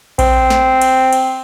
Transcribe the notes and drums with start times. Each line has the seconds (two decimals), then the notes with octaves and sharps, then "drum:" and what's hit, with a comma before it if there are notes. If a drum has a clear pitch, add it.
0.19 C4, drum: kick A#1, cymbal
0.50 drum: snare
0.81 drum: cymbal
1.13 drum: cymbal